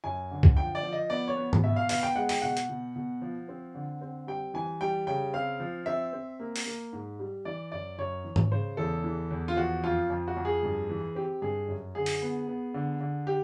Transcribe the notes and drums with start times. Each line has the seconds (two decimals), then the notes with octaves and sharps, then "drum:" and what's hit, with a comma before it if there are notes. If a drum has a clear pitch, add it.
0.04 F#2 G#5
0.31 D3
0.43 drum: kick
0.57 F3 G5
0.75 D5
0.83 F3
0.93 D#5
1.10 B3 D5
1.28 C#5
1.36 B3
1.53 drum: tom G#2
1.63 B2 E5
1.76 F5
1.89 B3 F5, drum: open hi-hat
2.03 G5
2.15 G#3 F#5
2.29 G5, drum: open hi-hat
2.42 B2 F#5
2.57 drum: hi-hat
2.69 B2
2.96 B2
3.22 F3
3.49 C4
3.75 D3
4.01 C4
4.27 G3 G5
4.54 E3 G#5
4.81 G3 G5
5.07 C#3 G5
5.33 C4 F5
5.60 F3
5.86 C4 E5
6.13 C4
6.40 A#3
6.56 drum: open hi-hat
6.66 A#3
6.93 G#2
7.19 G3
7.45 E3 D5
7.72 F#2 D5
7.98 F#2 C#5
8.24 E3
8.36 drum: tom G#2
8.51 C#3 C5
8.77 E2 A4
9.04 E3
9.31 E2
9.48 F4
9.56 F3 F#4
9.84 F2 F4
10.10 F2
10.28 F#4
10.37 F2
10.45 G#4
10.63 G2
10.89 E3
11.15 C4 G4
11.42 G2 G#4
11.68 F#2
11.95 D3 G#4
12.06 drum: open hi-hat
12.22 B3
12.48 B3
12.74 D3
13.00 D3
13.27 G4